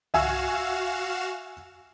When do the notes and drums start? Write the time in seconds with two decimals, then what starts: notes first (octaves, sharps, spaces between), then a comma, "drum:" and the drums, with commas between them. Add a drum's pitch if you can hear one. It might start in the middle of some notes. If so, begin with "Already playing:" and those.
0.14 F#4 E5 F5 G#5 E6 E7, drum: tom C2